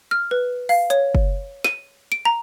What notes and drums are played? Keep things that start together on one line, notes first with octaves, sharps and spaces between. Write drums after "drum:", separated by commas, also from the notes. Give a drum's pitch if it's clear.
F6
B4
F5, drum: open hi-hat
C#5, drum: hi-hat
drum: kick F#1
D#7, drum: snare
D7
A#5